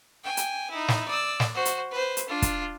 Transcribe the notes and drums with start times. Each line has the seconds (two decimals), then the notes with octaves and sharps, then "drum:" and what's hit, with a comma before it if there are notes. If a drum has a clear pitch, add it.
0.24 G5 G#5
0.37 drum: hi-hat
0.70 D#4 E4
0.88 drum: snare
1.08 D5 E6
1.40 drum: snare
1.54 F#4 C5
1.65 drum: hi-hat
1.91 B4 C5
2.17 drum: hi-hat
2.28 D4 F4
2.42 drum: kick, hi-hat